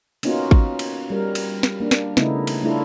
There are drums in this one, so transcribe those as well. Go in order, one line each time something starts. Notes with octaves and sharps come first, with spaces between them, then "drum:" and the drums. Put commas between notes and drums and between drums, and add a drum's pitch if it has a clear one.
A#3 B3 C#4 D#4 F4 F#4, drum: cymbal
drum: kick G#1
drum: cymbal
G3 A#4
drum: cymbal
drum: snare
A#3 D4
drum: snare
C#3 A3 B3 D#4 E4, drum: snare
drum: cymbal
A3 D4 E4 F4 A4